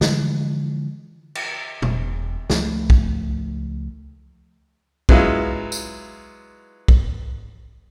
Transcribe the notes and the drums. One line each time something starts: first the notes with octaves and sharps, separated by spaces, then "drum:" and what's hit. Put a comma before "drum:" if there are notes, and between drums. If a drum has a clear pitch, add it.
D3 E3 F3 G#3, drum: snare
drum: cymbal
E1, drum: tom A#2
C#2 F3 A3, drum: snare
drum: kick
F#3 G#3 B3 E4 F4, drum: kick
drum: tambourine
drum: kick